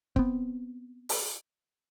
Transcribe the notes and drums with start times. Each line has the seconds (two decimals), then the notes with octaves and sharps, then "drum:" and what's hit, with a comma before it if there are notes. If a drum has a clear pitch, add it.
0.16 B3 C4, drum: kick
1.09 drum: open hi-hat